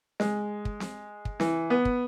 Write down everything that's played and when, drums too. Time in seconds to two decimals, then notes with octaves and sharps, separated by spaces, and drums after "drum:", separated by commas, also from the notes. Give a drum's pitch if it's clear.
0.20 G#3, drum: snare C4
0.65 drum: kick
0.80 drum: snare C4
1.25 drum: kick
1.40 E3, drum: snare C4
1.70 B3
1.85 drum: kick